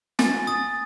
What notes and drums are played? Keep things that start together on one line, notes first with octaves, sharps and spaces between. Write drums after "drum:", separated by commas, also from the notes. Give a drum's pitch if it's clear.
G#5 A6, drum: snare
D#6 A6